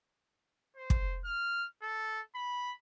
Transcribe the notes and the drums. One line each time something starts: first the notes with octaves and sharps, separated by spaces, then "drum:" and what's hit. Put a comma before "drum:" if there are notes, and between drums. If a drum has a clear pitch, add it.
C5
drum: kick
F6
A4
B5